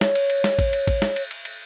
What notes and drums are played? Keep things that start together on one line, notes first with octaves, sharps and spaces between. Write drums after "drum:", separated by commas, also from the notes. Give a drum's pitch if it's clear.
C#5, drum: snare
drum: cymbal
drum: cymbal
drum: snare
drum: kick A1, cymbal
drum: cymbal
drum: kick A1, cymbal
drum: snare
drum: cymbal
drum: cymbal
drum: cymbal